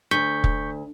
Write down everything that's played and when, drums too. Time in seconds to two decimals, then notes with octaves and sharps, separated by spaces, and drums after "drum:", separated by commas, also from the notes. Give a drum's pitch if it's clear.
0.11 D2 C#6 G6 B6
0.44 drum: kick